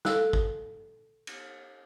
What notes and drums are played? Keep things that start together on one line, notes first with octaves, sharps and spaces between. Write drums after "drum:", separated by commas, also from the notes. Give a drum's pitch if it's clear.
A4 F5 E6 F#6, drum: snare
drum: kick
drum: cymbal